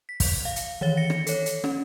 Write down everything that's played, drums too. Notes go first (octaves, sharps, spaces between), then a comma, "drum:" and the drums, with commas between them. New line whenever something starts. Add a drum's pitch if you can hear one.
B6
drum: kick, open hi-hat
F5
drum: hi-hat
D#3 E3 C#5 A6 G7
A#6 C#7
drum: rim click
A4 C#5, drum: hi-hat
drum: hi-hat
C#4, drum: rim click